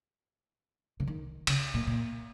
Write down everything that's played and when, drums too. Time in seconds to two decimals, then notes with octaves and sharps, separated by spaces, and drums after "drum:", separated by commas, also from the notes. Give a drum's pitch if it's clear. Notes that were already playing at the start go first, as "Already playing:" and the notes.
1.00 C#3
1.07 D#3
1.47 C#3, drum: cymbal
1.74 A#2
1.87 A#2